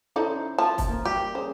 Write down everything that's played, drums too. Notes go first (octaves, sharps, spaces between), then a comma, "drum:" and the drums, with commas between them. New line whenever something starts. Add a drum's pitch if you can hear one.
C#4 D#4 E4 A4 C5 D5
F3 A5
drum: kick, hi-hat
A#3 A#4
G3 G4
C#4 G#4 C5